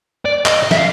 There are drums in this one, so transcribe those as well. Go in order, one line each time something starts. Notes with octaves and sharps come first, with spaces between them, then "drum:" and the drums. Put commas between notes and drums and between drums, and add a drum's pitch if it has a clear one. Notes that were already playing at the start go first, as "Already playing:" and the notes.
D5
D#5, drum: clap
D#5
E5, drum: snare
F5